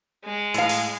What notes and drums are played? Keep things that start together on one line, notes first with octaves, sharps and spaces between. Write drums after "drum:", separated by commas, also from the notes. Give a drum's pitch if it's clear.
G#3
A2 F5, drum: hi-hat
drum: open hi-hat